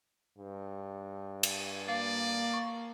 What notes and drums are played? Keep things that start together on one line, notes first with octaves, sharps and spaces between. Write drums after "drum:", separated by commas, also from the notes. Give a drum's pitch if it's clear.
G2
drum: cymbal
A#3 D5 F5
C#6